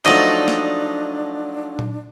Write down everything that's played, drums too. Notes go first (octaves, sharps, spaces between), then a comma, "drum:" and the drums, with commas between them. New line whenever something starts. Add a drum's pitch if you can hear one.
F3 F#3 A3 D4 D#4 D5 D#5, drum: clap
drum: snare
drum: tom A#2